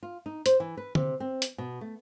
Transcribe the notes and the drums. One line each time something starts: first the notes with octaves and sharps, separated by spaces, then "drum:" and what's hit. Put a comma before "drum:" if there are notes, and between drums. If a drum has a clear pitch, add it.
F4
D#4
C5, drum: hi-hat
E3
B4
C3, drum: tom D3
C4
drum: hi-hat
B2
A3